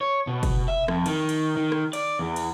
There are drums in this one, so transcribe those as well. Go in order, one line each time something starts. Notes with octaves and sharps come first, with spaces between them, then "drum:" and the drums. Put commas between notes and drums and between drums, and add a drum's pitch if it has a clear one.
C#5
B2
drum: kick, cymbal
E5
F2, drum: rim click
D#3, drum: cymbal
drum: cymbal
D#3
drum: rim click
D5, drum: cymbal
E2
drum: cymbal